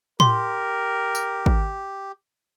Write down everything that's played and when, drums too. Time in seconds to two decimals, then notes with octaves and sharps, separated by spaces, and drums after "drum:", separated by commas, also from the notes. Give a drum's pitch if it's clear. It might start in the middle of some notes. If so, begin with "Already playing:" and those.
0.20 G4 A#4 C6, drum: tom A2
1.15 drum: tambourine
1.46 drum: kick